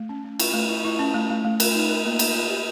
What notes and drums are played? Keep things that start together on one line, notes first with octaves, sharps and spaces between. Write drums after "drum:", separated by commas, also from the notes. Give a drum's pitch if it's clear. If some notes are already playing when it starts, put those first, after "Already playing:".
Already playing: A3
C#4
C#4
E4, drum: cymbal
A3
E4
E4
C#4
A3
A3
A3
A#4, drum: cymbal
D#4
A#4
A#3
A#4, drum: cymbal
A#4
G4